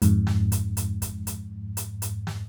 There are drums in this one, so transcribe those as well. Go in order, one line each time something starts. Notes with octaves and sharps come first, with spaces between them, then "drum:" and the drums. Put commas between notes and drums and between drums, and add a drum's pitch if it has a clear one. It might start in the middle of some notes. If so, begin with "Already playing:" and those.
F2 G#2, drum: hi-hat
drum: snare
drum: kick, hi-hat
drum: hi-hat
drum: kick, hi-hat
drum: hi-hat
drum: hi-hat
drum: hi-hat
drum: snare